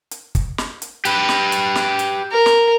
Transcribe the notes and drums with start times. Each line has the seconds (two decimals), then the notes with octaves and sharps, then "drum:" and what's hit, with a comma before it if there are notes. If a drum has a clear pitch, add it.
0.11 drum: hi-hat
0.35 drum: kick, hi-hat
0.58 drum: snare
0.82 drum: hi-hat
1.05 G4 B4, drum: hi-hat
1.29 drum: snare
1.52 drum: hi-hat
1.75 drum: snare
1.99 drum: hi-hat
2.31 A#4
2.46 drum: snare